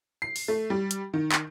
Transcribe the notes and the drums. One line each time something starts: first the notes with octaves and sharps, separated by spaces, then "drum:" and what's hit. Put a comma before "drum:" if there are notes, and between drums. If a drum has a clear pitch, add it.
C7
drum: open hi-hat
A3
G3
drum: hi-hat
D#3
drum: clap